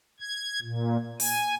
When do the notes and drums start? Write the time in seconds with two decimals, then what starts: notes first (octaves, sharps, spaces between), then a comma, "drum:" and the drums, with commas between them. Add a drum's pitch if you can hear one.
0.20 G#6
0.62 A#2
1.20 G#5, drum: open hi-hat